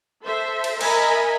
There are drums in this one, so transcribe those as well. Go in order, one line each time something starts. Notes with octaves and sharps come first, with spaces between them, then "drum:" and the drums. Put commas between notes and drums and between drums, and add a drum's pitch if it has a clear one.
A4 C5 E5
drum: cymbal
A#4 D#5 E5 G#5 A#5 B5, drum: cymbal